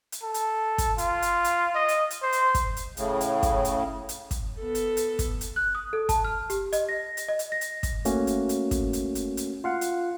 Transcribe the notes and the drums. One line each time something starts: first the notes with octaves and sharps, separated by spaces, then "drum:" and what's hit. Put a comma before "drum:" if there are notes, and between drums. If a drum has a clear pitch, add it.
drum: hi-hat
A4
drum: hi-hat
drum: kick, hi-hat
F4, drum: hi-hat
drum: hi-hat
drum: hi-hat
D#5
drum: hi-hat
drum: hi-hat
C5
drum: hi-hat
drum: kick, hi-hat
drum: hi-hat
A2 C#3, drum: hi-hat
drum: hi-hat
drum: kick, hi-hat
drum: hi-hat
drum: hi-hat
drum: kick, hi-hat
B3 A4
drum: hi-hat
drum: hi-hat
drum: kick, hi-hat
drum: hi-hat
F#6
D#6
A4
A5, drum: kick, hi-hat
F6
G4, drum: hi-hat
D#5, drum: hi-hat
A#6
drum: hi-hat
D#5
drum: hi-hat
A#6
drum: hi-hat
drum: kick, hi-hat
A3 A#3 C#4 F#4, drum: hi-hat
drum: hi-hat
drum: hi-hat
drum: kick, hi-hat
drum: hi-hat
drum: hi-hat
drum: hi-hat
F4 F5 F#5
drum: hi-hat